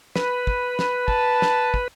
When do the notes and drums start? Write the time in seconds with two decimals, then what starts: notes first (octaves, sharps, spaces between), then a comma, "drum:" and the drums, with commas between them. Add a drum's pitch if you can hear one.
0.16 B4, drum: snare
0.47 drum: kick
0.79 drum: snare
1.08 A5, drum: kick
1.42 drum: snare
1.74 drum: kick